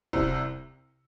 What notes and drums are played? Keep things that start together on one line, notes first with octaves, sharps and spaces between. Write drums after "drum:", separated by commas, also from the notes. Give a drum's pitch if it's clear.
C2 C3, drum: kick